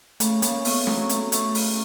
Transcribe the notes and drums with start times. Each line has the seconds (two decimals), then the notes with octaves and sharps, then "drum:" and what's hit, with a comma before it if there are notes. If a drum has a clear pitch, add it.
0.20 C#3 A3, drum: hi-hat
0.42 C#3 A#3, drum: hi-hat
0.65 A3 B3, drum: open hi-hat
0.87 F#3 C4, drum: snare
1.09 A3 B3, drum: hi-hat
1.32 A3, drum: hi-hat
1.55 C#3 G#3, drum: open hi-hat